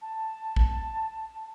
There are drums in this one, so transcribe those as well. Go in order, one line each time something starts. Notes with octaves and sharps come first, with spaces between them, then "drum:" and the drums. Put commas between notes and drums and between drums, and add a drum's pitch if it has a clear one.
A5
drum: kick A#1